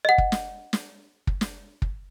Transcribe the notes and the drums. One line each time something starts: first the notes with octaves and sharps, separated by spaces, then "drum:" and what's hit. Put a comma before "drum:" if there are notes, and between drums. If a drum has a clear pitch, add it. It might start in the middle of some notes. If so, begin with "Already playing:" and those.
D#5 F#5
drum: kick
drum: snare
drum: snare
drum: kick
drum: snare
drum: kick